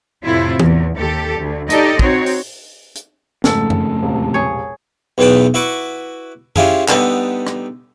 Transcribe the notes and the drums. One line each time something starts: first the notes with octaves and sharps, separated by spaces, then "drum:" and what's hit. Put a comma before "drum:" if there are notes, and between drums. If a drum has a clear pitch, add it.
F2 A2 C3 E4 F4
E2, drum: tom
D#2 G4 A4
D2
D#4 G4 A4 D5 D#5, drum: hi-hat
C4 D#4 F#4 C#5, drum: kick
drum: open hi-hat
drum: hi-hat
F2 G#2 C#3 A3 A4 A5 E6, drum: snare
drum: tom F#2
E1 A#1 C3
G#4 C#5
B1 E2 E3 B3 G5 A5
E4 F#4 B4 C#6 D6
C#4 D4 E4 F4 G4 G#4, drum: tom F#2
D3 G3 B3 D#4 A4, drum: clap
drum: rim click